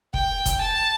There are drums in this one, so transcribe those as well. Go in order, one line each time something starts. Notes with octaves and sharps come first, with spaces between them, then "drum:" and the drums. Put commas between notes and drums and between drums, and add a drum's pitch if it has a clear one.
G5, drum: kick
drum: kick, hi-hat
A5